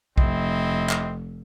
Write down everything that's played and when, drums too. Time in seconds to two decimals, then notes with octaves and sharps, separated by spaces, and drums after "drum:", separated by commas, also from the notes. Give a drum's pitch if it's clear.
0.18 F1 C4 E4 D#5, drum: kick B1
0.89 drum: clap